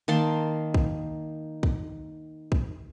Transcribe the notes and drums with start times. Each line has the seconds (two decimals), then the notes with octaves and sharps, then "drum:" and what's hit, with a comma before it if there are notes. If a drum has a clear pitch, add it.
0.08 D#3 A#3 A5 C6
0.74 drum: kick
1.63 drum: kick
2.52 drum: kick